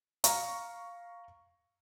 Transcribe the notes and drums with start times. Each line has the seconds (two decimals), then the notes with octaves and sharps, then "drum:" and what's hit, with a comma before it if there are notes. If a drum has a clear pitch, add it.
0.24 F5 A#5 C#6, drum: hi-hat